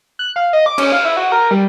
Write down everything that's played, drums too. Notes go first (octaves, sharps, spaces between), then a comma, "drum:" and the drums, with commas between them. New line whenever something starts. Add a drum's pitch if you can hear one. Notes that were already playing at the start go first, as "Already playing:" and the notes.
F#6
F5
D#5
D6
C#4, drum: cymbal
F5
E4
F#4
A#4
G3